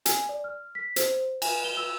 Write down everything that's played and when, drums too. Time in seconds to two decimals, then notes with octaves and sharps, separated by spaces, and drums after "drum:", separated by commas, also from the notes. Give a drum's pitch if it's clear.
0.06 G#5, drum: hi-hat
0.29 D5
0.44 F6
0.75 B6
0.96 C5, drum: hi-hat
1.42 G#5, drum: cymbal
1.64 G7
1.77 E6